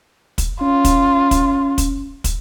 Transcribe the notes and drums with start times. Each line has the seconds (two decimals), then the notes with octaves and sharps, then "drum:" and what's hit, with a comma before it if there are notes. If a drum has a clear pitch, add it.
0.38 drum: kick, hi-hat
0.61 C#4 F4
0.85 drum: kick, hi-hat
1.31 drum: kick, hi-hat
1.78 drum: kick, hi-hat
2.24 drum: kick, hi-hat